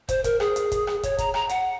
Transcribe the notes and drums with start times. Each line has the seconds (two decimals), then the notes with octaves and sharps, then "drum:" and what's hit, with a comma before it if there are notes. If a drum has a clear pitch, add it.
0.09 C5, drum: kick, hi-hat
0.24 A#4, drum: kick, hi-hat
0.40 G#4, drum: rim click
0.56 drum: hi-hat
0.72 drum: kick, hi-hat
0.87 drum: rim click
1.03 C#5, drum: kick, hi-hat
1.18 A#5, drum: kick, hi-hat
1.34 A#5, drum: rim click
1.49 F#5, drum: hi-hat